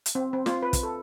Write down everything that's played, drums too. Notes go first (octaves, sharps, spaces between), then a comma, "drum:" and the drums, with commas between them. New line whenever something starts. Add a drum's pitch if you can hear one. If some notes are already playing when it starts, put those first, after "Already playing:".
drum: hi-hat
C4
C4
F4, drum: snare
B4
drum: kick, hi-hat
A4